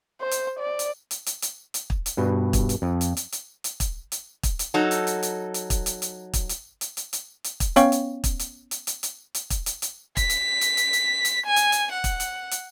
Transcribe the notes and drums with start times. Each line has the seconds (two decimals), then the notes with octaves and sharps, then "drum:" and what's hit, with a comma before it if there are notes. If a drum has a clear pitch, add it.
0.21 C5
0.31 drum: hi-hat
0.60 D5
0.79 drum: hi-hat
1.11 drum: hi-hat
1.26 drum: hi-hat
1.42 drum: hi-hat
1.74 drum: hi-hat
1.90 drum: kick
2.06 drum: hi-hat
2.17 G2 B2
2.53 drum: kick, hi-hat
2.69 drum: hi-hat
2.82 F2
3.01 drum: hi-hat
3.17 drum: hi-hat
3.32 drum: hi-hat
3.64 drum: hi-hat
3.80 drum: kick, hi-hat
4.12 drum: hi-hat
4.43 drum: kick, hi-hat
4.59 drum: hi-hat
4.74 F#3 D#4 A4
4.91 drum: hi-hat
5.07 drum: hi-hat
5.23 drum: hi-hat
5.54 drum: hi-hat
5.70 drum: kick, hi-hat
5.86 drum: hi-hat
6.02 drum: hi-hat
6.33 drum: kick, hi-hat
6.49 drum: hi-hat
6.81 drum: hi-hat
6.97 drum: hi-hat
7.13 drum: hi-hat
7.44 drum: hi-hat
7.60 drum: kick, hi-hat
7.76 B3 C#4 C#5 F5 G5 C#6, drum: hi-hat
7.92 drum: hi-hat
8.24 drum: kick, hi-hat
8.39 drum: hi-hat
8.71 drum: hi-hat
8.87 drum: hi-hat
9.03 drum: hi-hat
9.35 drum: hi-hat
9.50 drum: kick, hi-hat
9.66 drum: hi-hat
9.82 drum: hi-hat
10.17 B6, drum: kick, hi-hat
10.30 drum: hi-hat
10.61 drum: hi-hat
10.77 drum: hi-hat
10.93 drum: hi-hat
11.25 drum: hi-hat
11.47 G#5
11.56 drum: hi-hat
11.72 drum: hi-hat
11.92 F#5
12.04 drum: kick, hi-hat
12.20 drum: hi-hat
12.51 drum: hi-hat